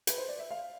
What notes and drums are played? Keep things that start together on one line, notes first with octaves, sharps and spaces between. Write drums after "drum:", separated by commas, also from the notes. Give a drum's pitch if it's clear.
B4, drum: hi-hat
C5
D5
E5
F5